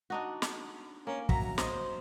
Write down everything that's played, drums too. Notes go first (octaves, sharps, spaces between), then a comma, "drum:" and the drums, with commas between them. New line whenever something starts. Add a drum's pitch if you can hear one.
D4 D#4 F#4
drum: snare
A#3 C#4
F#3 E5 A#5, drum: kick
C5 D#5, drum: snare